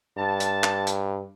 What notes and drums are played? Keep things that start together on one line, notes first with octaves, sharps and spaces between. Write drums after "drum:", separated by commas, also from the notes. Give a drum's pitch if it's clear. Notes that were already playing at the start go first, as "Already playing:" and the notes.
G2 A5
drum: hi-hat
drum: clap
drum: hi-hat